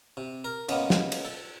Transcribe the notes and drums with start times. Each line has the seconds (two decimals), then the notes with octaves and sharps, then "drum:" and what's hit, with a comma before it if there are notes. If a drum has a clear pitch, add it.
0.17 C3
0.44 A#4
0.69 C#3 G#3 A#3 B3, drum: cymbal
0.90 drum: snare
1.12 drum: cymbal
1.25 A4